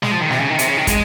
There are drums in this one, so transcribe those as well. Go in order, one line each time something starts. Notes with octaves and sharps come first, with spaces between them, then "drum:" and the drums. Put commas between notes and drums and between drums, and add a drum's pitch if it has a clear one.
G#3, drum: snare
F3
D#3
C3, drum: snare
C#3
D#3
C3, drum: hi-hat
C#3
D#3
G#3, drum: kick, hi-hat